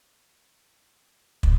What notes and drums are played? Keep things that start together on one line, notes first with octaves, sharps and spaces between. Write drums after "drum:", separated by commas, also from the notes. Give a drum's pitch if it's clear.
F4 G#4 A4 F5
F#5
drum: kick